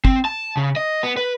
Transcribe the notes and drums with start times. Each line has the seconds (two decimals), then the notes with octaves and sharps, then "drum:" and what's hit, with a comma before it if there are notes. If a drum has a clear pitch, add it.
0.05 C4, drum: kick
0.25 A5
0.57 C#3
0.76 D#5
1.03 B3
1.17 B4